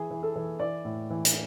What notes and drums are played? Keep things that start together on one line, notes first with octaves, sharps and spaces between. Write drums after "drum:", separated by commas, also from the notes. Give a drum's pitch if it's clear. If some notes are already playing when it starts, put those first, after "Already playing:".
Already playing: E3 G#4
E3
A4
E3
E3 D5
A2
E3
drum: hi-hat